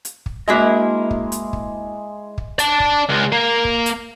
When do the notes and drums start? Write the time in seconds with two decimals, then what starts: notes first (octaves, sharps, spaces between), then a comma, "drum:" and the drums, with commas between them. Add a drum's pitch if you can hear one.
0.05 drum: hi-hat
0.26 drum: kick
0.48 G#3 A#3 D4 E4 F#4 A#4 D#5
1.11 drum: kick
1.32 drum: hi-hat
1.53 drum: kick
2.38 drum: kick
2.59 D5 A5, drum: hi-hat
2.80 drum: kick
3.10 C#2
3.32 A#3
3.65 drum: kick
3.86 drum: hi-hat